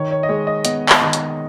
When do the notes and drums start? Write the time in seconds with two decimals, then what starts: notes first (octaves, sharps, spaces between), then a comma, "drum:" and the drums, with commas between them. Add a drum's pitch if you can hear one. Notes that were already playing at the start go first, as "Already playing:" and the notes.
Already playing: D#3 C#5
0.11 C#5
0.23 D#5
0.29 G#3 C#5
0.47 D#5
0.65 B3 D#5, drum: hi-hat
0.89 drum: clap
1.01 D#3
1.13 drum: hi-hat